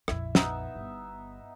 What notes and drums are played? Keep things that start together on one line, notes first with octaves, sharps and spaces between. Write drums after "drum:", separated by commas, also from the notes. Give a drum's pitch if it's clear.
A#1 F2 E4, drum: rim click
B3 D#4 E5, drum: snare
G1